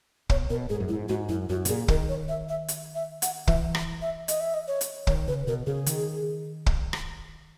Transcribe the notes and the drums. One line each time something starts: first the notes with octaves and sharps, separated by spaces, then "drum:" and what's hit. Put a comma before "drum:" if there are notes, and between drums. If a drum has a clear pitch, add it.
B2 C#5, drum: kick
B2 A#4
G#2 G#4
F#2
G#2 E4
G#2 F#4
F#2 E4
F#2 F#4
B2, drum: hi-hat
A#2 G#4
D#3 A#4, drum: kick
C#5
E5
E5
drum: hi-hat
E5
F#5, drum: hi-hat
E3 E5, drum: kick
drum: rim click
E5
D#5, drum: hi-hat
E5
D#5
C#5
drum: hi-hat
D#3 C#5, drum: kick
C#3 B4
B2 A#4
C#3 G#4
D#3, drum: hi-hat
drum: kick
drum: rim click